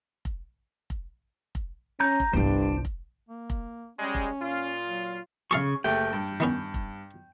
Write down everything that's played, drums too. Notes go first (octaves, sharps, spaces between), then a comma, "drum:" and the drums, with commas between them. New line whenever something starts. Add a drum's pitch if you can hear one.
drum: kick F1
drum: kick F1
drum: kick F1
C#4 A#5 G6
drum: kick F1
G1 C2 G2 D4 C5
drum: kick F1
A#3
drum: kick F1
G3 G#3 C#4
drum: kick F1
A#2 F4
F#3
C#3 G#4 A4 F5 C#6
F#1 A3 G4 G5
G2
D#3 B3 C#4
drum: kick F1